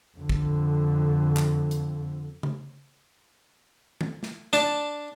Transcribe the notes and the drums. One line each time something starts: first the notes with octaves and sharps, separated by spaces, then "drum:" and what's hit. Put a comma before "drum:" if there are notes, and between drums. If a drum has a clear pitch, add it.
F2 D3
drum: kick
drum: clap
drum: hi-hat
drum: tom C#3
drum: tom D#3
drum: snare
D4 A5, drum: snare